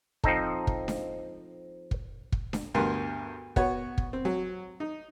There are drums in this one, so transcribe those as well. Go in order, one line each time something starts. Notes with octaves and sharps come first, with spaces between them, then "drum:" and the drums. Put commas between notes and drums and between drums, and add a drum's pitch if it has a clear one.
F3 C4 D#4 A4, drum: kick
drum: kick
drum: snare D4
drum: kick
drum: kick
drum: snare D4
D2 G2 B3 A#4 C6
B3 F#4 C#5, drum: kick
drum: kick
C4
F#3
D#4